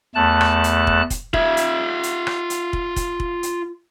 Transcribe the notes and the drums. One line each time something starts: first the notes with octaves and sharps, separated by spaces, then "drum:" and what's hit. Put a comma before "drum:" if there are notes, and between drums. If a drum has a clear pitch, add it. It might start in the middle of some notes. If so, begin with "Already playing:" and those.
E2 A3 A5 F#6
drum: rim click
drum: hi-hat
drum: kick
drum: kick, hi-hat
F4 E5, drum: kick
drum: hi-hat
drum: hi-hat
drum: rim click
drum: hi-hat
drum: kick
drum: kick, hi-hat
drum: kick
drum: hi-hat